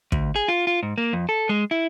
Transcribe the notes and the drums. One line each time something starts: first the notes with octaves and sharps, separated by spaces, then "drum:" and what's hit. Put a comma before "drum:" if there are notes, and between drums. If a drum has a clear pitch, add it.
D2, drum: kick
G#4
F4
F4
G#2
A#3
F2
A4
G#3
E4